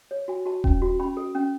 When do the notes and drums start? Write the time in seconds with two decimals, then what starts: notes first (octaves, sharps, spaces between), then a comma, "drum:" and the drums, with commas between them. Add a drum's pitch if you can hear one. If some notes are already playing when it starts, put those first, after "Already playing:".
0.11 C#5
0.28 F#4 G#5
0.46 F#4 A5
0.64 C#4, drum: kick D#1
0.82 F#4
0.99 C#4 B5
1.17 A4
1.35 C#4